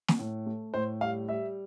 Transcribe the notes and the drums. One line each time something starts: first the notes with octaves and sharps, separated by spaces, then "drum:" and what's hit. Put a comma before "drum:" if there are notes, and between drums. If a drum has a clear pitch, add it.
drum: snare
A2
A3
A2 C5
G3 F5
G3 E5